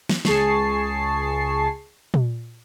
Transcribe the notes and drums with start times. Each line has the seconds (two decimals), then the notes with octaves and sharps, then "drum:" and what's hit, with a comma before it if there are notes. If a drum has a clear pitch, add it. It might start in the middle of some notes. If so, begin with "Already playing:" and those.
0.09 drum: snare
0.25 C#2 G#4 A5 C#6 C7, drum: snare
2.14 drum: tom A#2